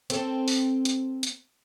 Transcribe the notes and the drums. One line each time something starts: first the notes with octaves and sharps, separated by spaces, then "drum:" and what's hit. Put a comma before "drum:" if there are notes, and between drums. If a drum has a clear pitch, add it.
C4 A4, drum: hi-hat
drum: open hi-hat
drum: hi-hat
drum: hi-hat